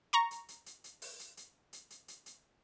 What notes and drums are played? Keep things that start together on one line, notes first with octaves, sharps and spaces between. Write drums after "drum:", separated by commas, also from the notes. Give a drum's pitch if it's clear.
A#5 C#6
drum: hi-hat
drum: hi-hat
drum: hi-hat
drum: hi-hat
drum: open hi-hat
drum: hi-hat
drum: hi-hat
drum: hi-hat
drum: hi-hat
drum: hi-hat
drum: hi-hat